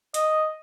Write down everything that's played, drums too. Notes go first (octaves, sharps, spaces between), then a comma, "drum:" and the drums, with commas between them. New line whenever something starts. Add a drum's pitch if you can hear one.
D#5, drum: hi-hat